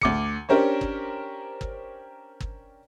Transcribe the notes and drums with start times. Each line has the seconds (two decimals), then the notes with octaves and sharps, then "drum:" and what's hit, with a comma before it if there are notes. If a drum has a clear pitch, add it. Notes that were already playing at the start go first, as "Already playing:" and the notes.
0.01 D2 D6 C#7, drum: kick
0.49 C#4 D4 G4 A#4 C5 C#5
0.81 drum: kick
1.61 drum: kick
2.40 drum: kick